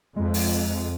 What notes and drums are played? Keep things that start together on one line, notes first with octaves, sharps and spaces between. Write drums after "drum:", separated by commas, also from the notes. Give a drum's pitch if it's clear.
F2 G#3
drum: open hi-hat